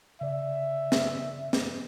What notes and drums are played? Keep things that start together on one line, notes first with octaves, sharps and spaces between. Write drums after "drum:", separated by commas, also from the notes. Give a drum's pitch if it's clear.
C#3 D5 E5
drum: snare
drum: snare